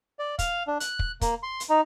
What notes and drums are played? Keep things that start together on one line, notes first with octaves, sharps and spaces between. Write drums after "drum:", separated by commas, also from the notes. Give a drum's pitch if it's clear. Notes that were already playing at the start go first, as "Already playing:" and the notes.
D5
F5, drum: kick, hi-hat
D4
F#6, drum: hi-hat
drum: kick
A#3, drum: kick, hi-hat
C6
drum: hi-hat
D#4